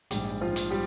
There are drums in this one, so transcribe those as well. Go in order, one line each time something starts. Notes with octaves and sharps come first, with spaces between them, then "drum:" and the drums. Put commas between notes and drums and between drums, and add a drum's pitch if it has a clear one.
A#1 G#2 G3 G4, drum: hi-hat
F3 F4
drum: hi-hat
G3 G4